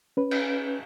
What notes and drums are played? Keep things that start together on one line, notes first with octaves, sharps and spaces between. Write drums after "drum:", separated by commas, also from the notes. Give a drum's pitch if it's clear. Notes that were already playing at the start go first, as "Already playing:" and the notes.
C#4 B4
drum: cymbal